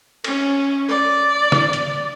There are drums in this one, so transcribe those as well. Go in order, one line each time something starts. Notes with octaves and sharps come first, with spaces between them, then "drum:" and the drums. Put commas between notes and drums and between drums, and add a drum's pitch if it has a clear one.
C#4, drum: cymbal
D5
drum: snare
drum: hi-hat